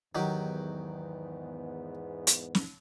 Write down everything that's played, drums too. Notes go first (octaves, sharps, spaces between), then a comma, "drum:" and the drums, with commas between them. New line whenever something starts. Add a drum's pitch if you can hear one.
E2 G#2 D#3 F#3 B3 G4
drum: hi-hat
drum: snare